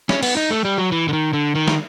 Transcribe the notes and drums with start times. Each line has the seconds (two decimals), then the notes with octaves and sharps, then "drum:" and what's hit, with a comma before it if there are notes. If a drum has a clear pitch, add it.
0.09 C#4, drum: snare
0.23 B3, drum: cymbal
0.37 D#4
0.51 A3
0.65 G3
0.78 F#3
0.92 E3
1.09 D3
1.13 D#3
1.33 D3
1.55 D#3
1.68 drum: snare